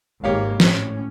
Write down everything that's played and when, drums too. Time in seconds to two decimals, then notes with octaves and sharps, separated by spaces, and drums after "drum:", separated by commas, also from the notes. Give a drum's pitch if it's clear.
0.24 G#1 G#2 A#3 G4 C#5 F5
0.60 A2 C#4, drum: snare